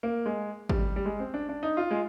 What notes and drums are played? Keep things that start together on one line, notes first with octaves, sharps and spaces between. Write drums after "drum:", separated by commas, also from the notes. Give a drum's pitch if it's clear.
A#3
G#3
G3, drum: kick G#1
G3
G#3
C4
D4
D4
D#4
F4
G#3